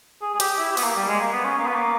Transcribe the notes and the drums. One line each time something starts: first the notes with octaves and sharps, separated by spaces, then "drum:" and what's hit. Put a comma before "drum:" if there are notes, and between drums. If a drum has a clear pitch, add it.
G#4
G#4
G4, drum: hi-hat
E4
G4
B3, drum: open hi-hat
A#3
G3
G#3
A#3
B3
C#4
A#3
B3
A#3